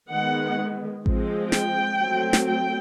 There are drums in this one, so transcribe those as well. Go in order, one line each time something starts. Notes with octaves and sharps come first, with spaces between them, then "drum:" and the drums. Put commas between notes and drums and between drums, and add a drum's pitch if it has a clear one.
D#3 G#3 B3 F#5
F3 G#3 C4, drum: kick A1
G5, drum: snare
F#3 A3 C4
drum: snare
G5